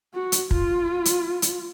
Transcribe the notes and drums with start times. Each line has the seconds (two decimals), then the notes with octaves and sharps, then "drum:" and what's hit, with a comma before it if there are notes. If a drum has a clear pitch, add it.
0.14 F#4
0.32 drum: hi-hat
0.51 F4, drum: kick
1.05 drum: hi-hat
1.42 drum: hi-hat